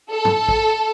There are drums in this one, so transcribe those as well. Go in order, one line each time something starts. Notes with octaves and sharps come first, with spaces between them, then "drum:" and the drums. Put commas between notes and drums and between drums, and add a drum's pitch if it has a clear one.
A4
drum: tom G2
drum: kick A1